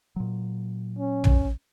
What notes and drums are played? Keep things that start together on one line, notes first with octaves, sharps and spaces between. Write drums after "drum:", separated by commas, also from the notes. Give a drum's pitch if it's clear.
A#2 F#3
C#4
drum: tom